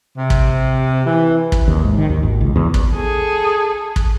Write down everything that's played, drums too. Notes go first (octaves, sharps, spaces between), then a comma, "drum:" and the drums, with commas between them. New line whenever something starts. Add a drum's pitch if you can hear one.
C3
drum: kick
E3
drum: kick
D#2
G#2
D#3
D#2
G#1
C#2
E2
drum: kick
G#4 A4
drum: kick